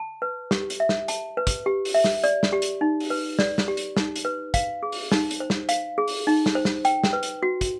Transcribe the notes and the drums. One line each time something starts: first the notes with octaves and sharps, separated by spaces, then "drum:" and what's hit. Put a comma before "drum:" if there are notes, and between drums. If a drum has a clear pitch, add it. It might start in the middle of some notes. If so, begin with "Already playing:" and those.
Already playing: A5
B4
G4, drum: snare
drum: hi-hat
E5
drum: snare
A5, drum: hi-hat
B4
drum: kick, hi-hat
G4
drum: open hi-hat
E5
drum: snare
D5, drum: hi-hat
drum: snare
G4
drum: hi-hat
D#4
drum: open hi-hat
B4
D5, drum: snare
drum: snare
G4
drum: hi-hat
D#4, drum: snare
drum: hi-hat
B4
F5, drum: kick, hi-hat
G#4
drum: open hi-hat
D#4, drum: snare
drum: hi-hat
C5
drum: snare
F5, drum: hi-hat
G#4
drum: open hi-hat
D#4
drum: snare
C5
drum: snare
G5, drum: hi-hat
drum: snare
B4
drum: hi-hat
F#4
drum: kick, hi-hat